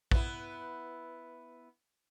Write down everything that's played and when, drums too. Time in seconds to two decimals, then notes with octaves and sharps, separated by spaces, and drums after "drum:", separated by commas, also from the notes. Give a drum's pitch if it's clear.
0.11 B3 E4, drum: kick A#1